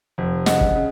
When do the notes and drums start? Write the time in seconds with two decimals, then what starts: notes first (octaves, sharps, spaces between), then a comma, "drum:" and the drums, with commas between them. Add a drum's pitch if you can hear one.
0.18 F1
0.46 C#3 D#5 F#5, drum: snare
0.61 drum: kick
0.75 C#3